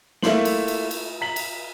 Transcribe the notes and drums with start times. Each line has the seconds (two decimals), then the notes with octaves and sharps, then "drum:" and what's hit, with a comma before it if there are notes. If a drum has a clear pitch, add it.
0.22 A3 A#3 E4 C6 F#7, drum: snare
0.45 drum: cymbal
0.68 drum: cymbal
0.91 drum: cymbal
1.21 A#5 B6 F#7
1.36 drum: cymbal